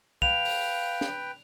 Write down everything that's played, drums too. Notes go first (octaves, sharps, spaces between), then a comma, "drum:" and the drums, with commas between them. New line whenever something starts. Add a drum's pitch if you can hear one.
B4 F5 G5 F7, drum: kick
drum: open hi-hat
drum: snare